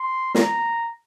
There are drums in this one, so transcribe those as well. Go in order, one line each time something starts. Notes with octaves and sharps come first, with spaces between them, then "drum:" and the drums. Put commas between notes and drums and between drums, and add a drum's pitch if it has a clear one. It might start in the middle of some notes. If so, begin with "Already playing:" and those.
Already playing: C6
A#5, drum: snare